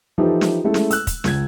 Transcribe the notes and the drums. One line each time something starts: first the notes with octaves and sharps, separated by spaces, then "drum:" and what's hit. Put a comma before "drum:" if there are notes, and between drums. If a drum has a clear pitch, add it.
E3 F3 D#4 E4 G4 A4
drum: snare
G#3 A3 C#4 E4 A4
drum: snare
E6 F#6, drum: hi-hat
drum: kick, hi-hat
C#2 G#6, drum: snare